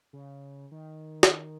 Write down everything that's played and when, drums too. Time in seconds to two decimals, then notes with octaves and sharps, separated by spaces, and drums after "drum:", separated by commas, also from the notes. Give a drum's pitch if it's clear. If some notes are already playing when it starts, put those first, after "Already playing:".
0.13 C#3
0.72 D#3
1.23 drum: snare